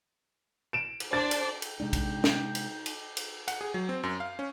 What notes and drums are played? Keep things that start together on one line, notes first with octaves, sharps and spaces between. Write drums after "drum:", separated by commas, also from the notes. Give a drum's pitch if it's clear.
D7 E7
drum: cymbal
D4 C5 D5 A6
drum: cymbal
drum: cymbal
C3 G#3 D4 D#4 G5
drum: kick, cymbal
drum: snare
drum: cymbal
drum: cymbal
drum: cymbal
F#5, drum: cymbal
G#4
F#3
C4
F#2
F5
C#4